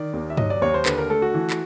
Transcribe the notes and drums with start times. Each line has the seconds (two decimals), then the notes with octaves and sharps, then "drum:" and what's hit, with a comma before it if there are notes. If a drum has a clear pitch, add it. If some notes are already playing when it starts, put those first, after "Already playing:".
Already playing: D#3 D5
0.13 D#2
0.30 E5
0.37 F#3 D#5, drum: tom G2
0.50 D5
0.62 D#2 C#5
0.74 C5
0.86 D3 B4, drum: clap
0.98 A#4
1.10 A3 A4
1.22 F#4
1.34 E3
1.50 drum: clap